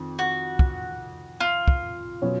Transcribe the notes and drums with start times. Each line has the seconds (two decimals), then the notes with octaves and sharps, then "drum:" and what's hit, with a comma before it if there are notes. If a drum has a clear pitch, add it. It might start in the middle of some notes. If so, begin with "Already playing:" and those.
Already playing: F2 D#3
0.19 F#4
0.59 drum: kick
1.40 F4
1.68 drum: kick
2.22 B2 F#3 C#4